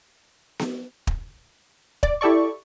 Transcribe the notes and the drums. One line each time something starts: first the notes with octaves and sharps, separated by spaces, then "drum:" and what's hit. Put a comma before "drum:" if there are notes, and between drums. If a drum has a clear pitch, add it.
drum: snare B3
drum: kick
D5, drum: kick
E4 G4 A4 D5 C#6